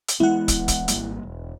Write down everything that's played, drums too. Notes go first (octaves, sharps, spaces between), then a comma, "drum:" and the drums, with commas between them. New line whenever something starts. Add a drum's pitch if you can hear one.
drum: hi-hat
E3 G#3 B3 E4 F#5
drum: kick, hi-hat
drum: kick, hi-hat
G#1 G3 A#3, drum: hi-hat
E1